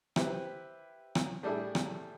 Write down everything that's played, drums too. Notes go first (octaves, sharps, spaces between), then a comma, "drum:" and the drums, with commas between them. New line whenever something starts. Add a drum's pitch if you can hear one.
E4 G4 B4 C5, drum: rim click
drum: rim click
A2 G3 D4 E4 G#4
drum: rim click